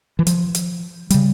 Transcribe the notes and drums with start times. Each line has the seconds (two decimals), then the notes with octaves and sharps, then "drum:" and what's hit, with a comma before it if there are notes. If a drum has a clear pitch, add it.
0.19 E3
0.27 F3, drum: hi-hat
0.55 drum: hi-hat
1.10 C#3 G3, drum: hi-hat